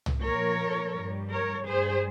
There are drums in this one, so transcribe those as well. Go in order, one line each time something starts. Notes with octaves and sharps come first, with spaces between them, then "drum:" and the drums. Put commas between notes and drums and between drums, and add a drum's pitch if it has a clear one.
drum: tom
A#2 F3 A#4 C#5
G2 G3
A#4 C#5
G2 G3 G#4 C5